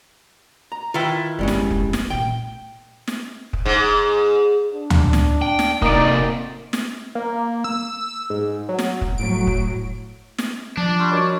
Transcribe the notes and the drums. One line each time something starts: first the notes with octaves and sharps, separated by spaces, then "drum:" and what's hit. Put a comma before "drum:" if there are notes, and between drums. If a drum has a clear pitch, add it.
A#5
D#3 E4 F4 B4 G5
G1 F2 G3 G#3 C#4
drum: snare
drum: kick
drum: snare
A#2 A3 G5
drum: snare
drum: kick
G#2
D4
drum: tom D2
drum: snare
G5
drum: snare
C3 A#3 D#4 D5, drum: kick
drum: snare
A#3
E6
G#2
F#3
drum: snare
drum: kick
A2 F#3 D7
drum: kick
drum: snare
F3 D4
G3 C6 C#6
F#4 A#4 C#5 D#5